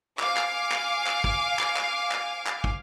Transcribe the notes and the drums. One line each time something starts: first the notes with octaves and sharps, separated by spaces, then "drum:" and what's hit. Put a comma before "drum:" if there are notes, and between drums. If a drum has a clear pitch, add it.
F5 G#5 D6, drum: clap
drum: clap
drum: clap
drum: clap
drum: kick
drum: clap
drum: clap
drum: clap
drum: clap
drum: kick